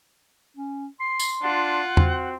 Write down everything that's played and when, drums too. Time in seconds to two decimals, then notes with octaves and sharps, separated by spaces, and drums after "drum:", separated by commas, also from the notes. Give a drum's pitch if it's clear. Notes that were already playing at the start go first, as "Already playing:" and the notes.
0.57 C#4
1.00 C6 C7
1.20 drum: tambourine
1.43 D4 F4 F#5
1.97 C4 F#4, drum: tom E2